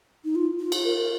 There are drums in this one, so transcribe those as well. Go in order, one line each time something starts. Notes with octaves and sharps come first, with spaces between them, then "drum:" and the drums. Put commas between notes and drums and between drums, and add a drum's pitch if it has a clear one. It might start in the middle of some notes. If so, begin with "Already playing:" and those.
D#4
F4
F4
drum: cymbal
A#4
A#4